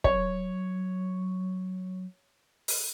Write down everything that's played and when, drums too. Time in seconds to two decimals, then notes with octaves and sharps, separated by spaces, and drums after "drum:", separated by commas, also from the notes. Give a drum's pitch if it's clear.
0.04 F#3 C#5, drum: kick
2.68 drum: open hi-hat